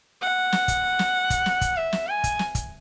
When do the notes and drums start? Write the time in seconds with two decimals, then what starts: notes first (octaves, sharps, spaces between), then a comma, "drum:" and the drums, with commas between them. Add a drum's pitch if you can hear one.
0.21 F#5
0.52 drum: snare
0.68 drum: kick, hi-hat
0.99 drum: snare
1.30 drum: kick, hi-hat
1.46 drum: snare
1.61 drum: kick, hi-hat
1.77 E5
1.93 drum: snare
2.08 G#5
2.24 drum: kick, hi-hat
2.39 drum: snare
2.55 drum: kick, hi-hat